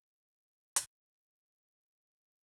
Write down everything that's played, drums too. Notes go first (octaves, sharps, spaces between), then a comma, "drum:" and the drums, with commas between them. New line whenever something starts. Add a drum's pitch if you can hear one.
G#3 C4
drum: hi-hat